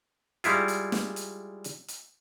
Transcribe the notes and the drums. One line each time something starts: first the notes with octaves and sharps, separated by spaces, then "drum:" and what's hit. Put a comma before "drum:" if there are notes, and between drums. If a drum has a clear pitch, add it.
G3 G#3 E4 F4, drum: hi-hat
drum: hi-hat
drum: snare
drum: hi-hat
drum: hi-hat
drum: hi-hat